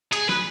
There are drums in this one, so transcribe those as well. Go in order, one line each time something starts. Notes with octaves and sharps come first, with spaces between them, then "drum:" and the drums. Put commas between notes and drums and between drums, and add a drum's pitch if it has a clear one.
G#4, drum: hi-hat
B4, drum: snare